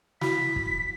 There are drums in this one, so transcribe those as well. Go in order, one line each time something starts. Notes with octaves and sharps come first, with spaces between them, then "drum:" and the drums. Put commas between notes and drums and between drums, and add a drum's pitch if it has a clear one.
E4 F#4 B5 B6, drum: snare
drum: kick